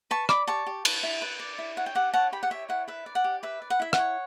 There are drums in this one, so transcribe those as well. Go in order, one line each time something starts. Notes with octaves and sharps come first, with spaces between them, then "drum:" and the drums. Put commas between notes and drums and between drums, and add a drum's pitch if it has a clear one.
B4 A5 C#6
D5 B5 D6, drum: rim click
G4 A5 C#6
G4
B4, drum: cymbal
E4
B4
D5
E4
C#5 F#5
G5
G4 F#5
C#5 F#5 A5
G4 G5 B5
F#5
C#5 E5
E4 F#5
B4 E5
D5
F#5
G4
B4 E5
D5
F#5
E4 E5
C#5 F#5, drum: rim click